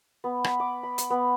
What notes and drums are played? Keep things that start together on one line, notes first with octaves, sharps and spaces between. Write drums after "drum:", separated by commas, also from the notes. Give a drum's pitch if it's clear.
B3
B5, drum: rim click
D6
B5
drum: hi-hat
B3